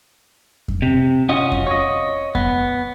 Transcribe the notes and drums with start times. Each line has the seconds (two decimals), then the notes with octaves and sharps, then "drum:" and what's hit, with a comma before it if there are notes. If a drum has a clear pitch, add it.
0.68 drum: kick F2
0.82 C3
1.29 C#4 F4 F#4 D#5
1.52 drum: kick F2
1.67 C#5 D#5
2.35 B3, drum: kick F2